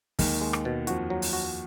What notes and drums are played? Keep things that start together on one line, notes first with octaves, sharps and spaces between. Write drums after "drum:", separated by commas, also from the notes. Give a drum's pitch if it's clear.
D#2 D#3 G#3, drum: kick, open hi-hat
G#3
drum: rim click
B2
F2 F3 F#4, drum: hi-hat
F#3
drum: open hi-hat
F#4